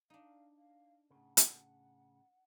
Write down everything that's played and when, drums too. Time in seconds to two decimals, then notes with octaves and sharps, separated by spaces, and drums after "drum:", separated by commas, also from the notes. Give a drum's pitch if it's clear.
0.10 D4 D#4 F5
0.57 F5
1.11 A2 C#3 F#5
1.37 drum: hi-hat